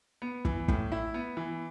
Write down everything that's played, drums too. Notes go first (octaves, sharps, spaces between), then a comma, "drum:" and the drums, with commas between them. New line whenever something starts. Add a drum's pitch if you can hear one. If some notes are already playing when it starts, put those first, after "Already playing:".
B3
E3, drum: kick
A2, drum: kick
E4
B3
E3